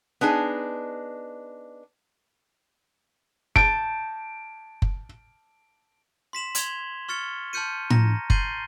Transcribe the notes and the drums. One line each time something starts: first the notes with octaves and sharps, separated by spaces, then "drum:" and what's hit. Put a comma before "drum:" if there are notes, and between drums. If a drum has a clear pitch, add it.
B3 D4 D#4 G#4
A5 G6 D7, drum: kick F#1
drum: kick F#1
C6 B6 E7 F#7
C6 G#6 F7 G7, drum: hi-hat
C#6 F6 A6 C#7 G7
A5 C6 F6 G6 C#7 D#7
A#5 A#6, drum: tom A2
C6 G6 A6 C7 D#7 G7, drum: kick F#1